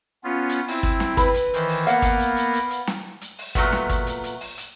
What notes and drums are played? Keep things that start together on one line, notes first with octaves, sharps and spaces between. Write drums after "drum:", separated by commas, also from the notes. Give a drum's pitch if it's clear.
B3 C#4 F4
drum: hi-hat
C4 E4, drum: open hi-hat
drum: kick
drum: snare
B4, drum: kick, hi-hat
drum: hi-hat
D#3 E3 C5, drum: hi-hat
drum: open hi-hat
A#3 B3 A#4 F5 F#5, drum: hi-hat
drum: kick, hi-hat
drum: hi-hat
drum: hi-hat
drum: hi-hat
drum: hi-hat
drum: snare
drum: hi-hat
drum: open hi-hat
A#2 F#3 A3 B3, drum: kick, hi-hat
drum: snare
drum: kick, hi-hat
drum: hi-hat
drum: hi-hat
drum: open hi-hat
drum: hi-hat